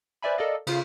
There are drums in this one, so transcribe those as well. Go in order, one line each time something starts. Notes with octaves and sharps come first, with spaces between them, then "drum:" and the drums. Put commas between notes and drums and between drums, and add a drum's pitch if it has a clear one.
B4 C5 D5 E5 G#5 B5
A4 A#4 D5 D#5 F5
C#3 F4 F5, drum: cymbal